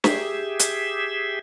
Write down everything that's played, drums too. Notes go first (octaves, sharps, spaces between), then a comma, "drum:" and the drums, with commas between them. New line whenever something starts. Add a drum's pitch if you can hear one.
G4 G#4 E5, drum: snare
drum: hi-hat